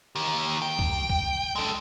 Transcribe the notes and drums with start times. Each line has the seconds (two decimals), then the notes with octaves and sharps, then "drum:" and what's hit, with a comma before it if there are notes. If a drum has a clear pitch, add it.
0.15 D#3 G4
0.62 G5
0.79 drum: kick C2
1.10 drum: kick C2
1.56 G#3 A4